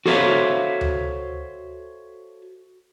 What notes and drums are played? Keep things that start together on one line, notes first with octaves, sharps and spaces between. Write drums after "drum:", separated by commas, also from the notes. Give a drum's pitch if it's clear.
F#4 A4 C5 C#5 E5 F5, drum: snare
drum: tom D2